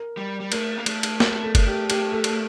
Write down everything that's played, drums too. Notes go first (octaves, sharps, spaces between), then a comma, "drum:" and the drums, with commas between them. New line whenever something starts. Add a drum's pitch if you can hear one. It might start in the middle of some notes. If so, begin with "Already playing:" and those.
Already playing: A#4
G3
G3
A3 A#4, drum: cymbal
A#3
A3, drum: cymbal
drum: cymbal
A3 A#4, drum: snare
A4
A3, drum: kick F#1, cymbal
G4
G4, drum: cymbal
A4
drum: cymbal